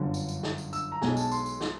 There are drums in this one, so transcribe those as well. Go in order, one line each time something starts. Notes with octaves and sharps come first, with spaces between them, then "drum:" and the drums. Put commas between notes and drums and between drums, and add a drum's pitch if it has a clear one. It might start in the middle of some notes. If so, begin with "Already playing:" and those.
Already playing: G1 F#2 D3
drum: tambourine
drum: tambourine
drum: snare
drum: tambourine
E6, drum: tambourine
A#5
B1 B2 G#3 G#5, drum: snare
A5, drum: tambourine
C6, drum: tambourine
drum: tambourine
drum: snare